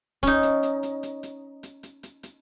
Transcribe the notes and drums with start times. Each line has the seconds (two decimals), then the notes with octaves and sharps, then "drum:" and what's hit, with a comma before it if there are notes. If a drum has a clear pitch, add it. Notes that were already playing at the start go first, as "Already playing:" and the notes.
0.23 C#4 D#4, drum: kick, hi-hat
0.43 drum: hi-hat
0.63 drum: hi-hat
0.83 drum: hi-hat
1.03 drum: hi-hat
1.23 drum: hi-hat
1.63 drum: hi-hat
1.83 drum: hi-hat
2.03 drum: hi-hat
2.23 drum: hi-hat